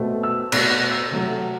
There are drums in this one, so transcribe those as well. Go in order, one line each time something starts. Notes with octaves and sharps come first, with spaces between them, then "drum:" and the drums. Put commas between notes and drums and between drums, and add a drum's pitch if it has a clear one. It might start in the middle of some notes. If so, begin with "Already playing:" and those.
Already playing: B2 A3 C4
E6
B2 A3 C4 F#6, drum: cymbal
F#6
E6
C3 F#3 A3